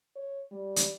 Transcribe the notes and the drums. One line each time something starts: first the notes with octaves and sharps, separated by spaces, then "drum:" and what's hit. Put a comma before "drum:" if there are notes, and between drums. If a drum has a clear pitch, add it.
C#5
G3
drum: hi-hat